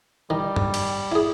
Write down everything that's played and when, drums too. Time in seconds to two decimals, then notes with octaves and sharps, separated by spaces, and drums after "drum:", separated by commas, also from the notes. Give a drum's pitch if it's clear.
0.30 D#3 G3
0.56 drum: tom G2
0.74 drum: cymbal
1.12 E4 G#4